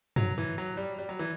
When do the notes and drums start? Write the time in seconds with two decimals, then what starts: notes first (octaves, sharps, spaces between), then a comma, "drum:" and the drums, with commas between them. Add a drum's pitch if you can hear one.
0.16 F#3, drum: tom
0.38 E3
0.58 F#3
0.77 G3
0.99 G3
1.09 F#3
1.19 E3